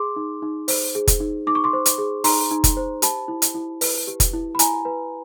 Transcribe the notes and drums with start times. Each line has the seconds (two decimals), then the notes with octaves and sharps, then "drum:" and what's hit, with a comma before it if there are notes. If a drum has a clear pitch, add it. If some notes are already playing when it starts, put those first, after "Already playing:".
Already playing: G#4 C6 D6
0.16 D#4
0.42 D#4
0.68 C5, drum: open hi-hat
0.95 G#4
1.07 drum: kick F1, hi-hat
1.20 D#4
1.47 D#4 D6
1.55 C#6
1.64 C6 D6
1.73 C5
1.86 drum: hi-hat
1.98 G#4
2.24 D#4 A#5 C6, drum: open hi-hat
2.51 D#4
2.64 drum: kick F1, hi-hat
2.77 C5
3.02 G4 A5 B5, drum: hi-hat
3.28 E4
3.42 drum: hi-hat
3.54 E4
3.81 B4, drum: open hi-hat
4.07 G4
4.20 drum: kick F1, hi-hat
4.33 E4
4.55 B5
4.59 E4 G#5 A#5, drum: hi-hat
4.85 B4